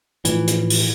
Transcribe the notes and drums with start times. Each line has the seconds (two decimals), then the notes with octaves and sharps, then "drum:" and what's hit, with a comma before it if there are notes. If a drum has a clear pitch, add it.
0.25 A2 E3 F3, drum: hi-hat
0.47 drum: hi-hat
0.70 drum: open hi-hat